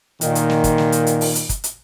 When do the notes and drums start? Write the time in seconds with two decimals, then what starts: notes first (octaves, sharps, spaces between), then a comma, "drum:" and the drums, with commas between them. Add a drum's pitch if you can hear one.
0.21 A#2 D#3, drum: hi-hat
0.35 drum: hi-hat
0.50 drum: snare
0.64 drum: kick, hi-hat
0.78 drum: snare
0.92 drum: hi-hat
1.07 drum: hi-hat
1.21 drum: open hi-hat
1.35 drum: hi-hat
1.49 drum: kick, hi-hat
1.64 drum: hi-hat